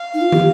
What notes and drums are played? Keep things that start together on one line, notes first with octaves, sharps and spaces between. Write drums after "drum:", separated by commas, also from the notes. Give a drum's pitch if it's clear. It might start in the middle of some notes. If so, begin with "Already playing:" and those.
Already playing: F5
D#4
F4
G4, drum: tom